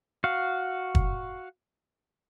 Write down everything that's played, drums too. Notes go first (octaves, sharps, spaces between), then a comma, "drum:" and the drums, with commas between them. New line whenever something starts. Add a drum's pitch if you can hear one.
F#4 F5
drum: kick